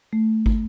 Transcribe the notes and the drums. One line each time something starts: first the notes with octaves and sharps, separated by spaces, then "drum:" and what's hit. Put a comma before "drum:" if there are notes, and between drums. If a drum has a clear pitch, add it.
A3
drum: kick